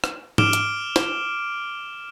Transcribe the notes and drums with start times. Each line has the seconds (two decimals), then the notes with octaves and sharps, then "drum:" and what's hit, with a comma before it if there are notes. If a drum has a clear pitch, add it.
0.04 drum: rim click
0.38 D6 F6 D7 E7 G7, drum: tom G#2
0.53 drum: hi-hat
0.96 drum: snare